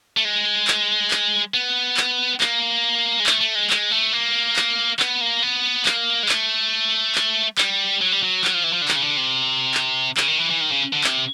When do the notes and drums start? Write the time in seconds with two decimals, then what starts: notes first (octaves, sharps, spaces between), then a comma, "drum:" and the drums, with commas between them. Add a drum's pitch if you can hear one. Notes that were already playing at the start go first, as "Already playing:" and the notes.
0.17 A3
0.25 G#3
0.68 drum: clap
1.11 drum: clap
1.54 B3
1.97 drum: clap
2.40 A#3, drum: clap
3.20 G#3
3.26 A3, drum: clap
3.41 A3
3.55 G#3
3.70 G#3, drum: clap
3.91 A3
4.13 A#3
4.56 drum: clap
4.99 B3, drum: clap
5.21 A#3
5.42 B3
5.86 A#3, drum: clap
6.23 G#3
6.29 A3, drum: clap
7.15 drum: clap
7.58 G3, drum: clap
8.01 F#3
8.12 G3
8.23 F#3
8.44 F#3, drum: clap
8.54 F3
8.64 E3
8.73 F3
8.82 D3
8.88 D#3, drum: clap
8.95 C#3
9.02 D3
9.17 C3
9.74 drum: clap
10.17 C#3, drum: clap
10.28 D#3
10.39 E3
10.50 E3
10.61 D#3
10.72 C#3
10.93 D3
11.04 C3, drum: clap